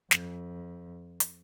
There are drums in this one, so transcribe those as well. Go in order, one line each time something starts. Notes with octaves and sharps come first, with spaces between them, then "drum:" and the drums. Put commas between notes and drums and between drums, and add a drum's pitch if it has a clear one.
F2, drum: snare
drum: hi-hat